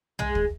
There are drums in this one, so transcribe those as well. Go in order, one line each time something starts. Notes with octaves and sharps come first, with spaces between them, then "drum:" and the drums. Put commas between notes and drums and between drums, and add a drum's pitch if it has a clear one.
G#3, drum: tom
drum: kick